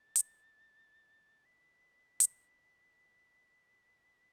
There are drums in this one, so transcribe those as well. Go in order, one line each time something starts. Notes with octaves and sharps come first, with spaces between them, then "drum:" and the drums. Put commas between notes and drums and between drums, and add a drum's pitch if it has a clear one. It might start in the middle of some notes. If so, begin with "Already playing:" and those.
Already playing: A6
drum: hi-hat
B6
drum: hi-hat